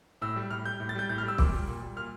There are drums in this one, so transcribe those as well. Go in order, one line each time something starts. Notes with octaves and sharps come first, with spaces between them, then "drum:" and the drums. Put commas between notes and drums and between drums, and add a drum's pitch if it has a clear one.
A2 E6
G3
A2 F6
G3 G6
A2
A6
G3 G6
A2 G6
F6
G3
E6
A#2 D6, drum: kick
G3
A#2
G3
A#2 F6